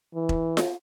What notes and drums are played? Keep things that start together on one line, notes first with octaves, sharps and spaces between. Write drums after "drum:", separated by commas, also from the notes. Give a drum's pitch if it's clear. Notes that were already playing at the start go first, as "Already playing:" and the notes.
E3
drum: kick E1
drum: snare F4